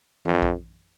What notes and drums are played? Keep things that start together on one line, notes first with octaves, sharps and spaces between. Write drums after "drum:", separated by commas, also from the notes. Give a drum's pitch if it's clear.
F2, drum: tom E3
drum: kick A#1